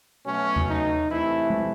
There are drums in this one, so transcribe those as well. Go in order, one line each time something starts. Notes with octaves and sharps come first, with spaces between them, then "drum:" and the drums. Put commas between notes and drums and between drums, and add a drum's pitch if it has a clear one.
B2 F#3 A3 C#4
drum: tom E2
D#4
C3 E3 A3 E4
drum: tom G#3